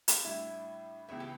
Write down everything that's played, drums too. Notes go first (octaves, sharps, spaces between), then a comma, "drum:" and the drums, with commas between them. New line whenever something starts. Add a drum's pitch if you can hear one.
drum: hi-hat
A2 G3 D4 E4
C#2 C#3 E3 B3 E4
G4